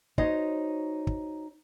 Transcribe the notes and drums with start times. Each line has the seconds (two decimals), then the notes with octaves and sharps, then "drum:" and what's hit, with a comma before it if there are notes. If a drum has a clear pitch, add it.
0.18 D#4 F#4 C5 C#5 D#5, drum: kick
1.07 drum: kick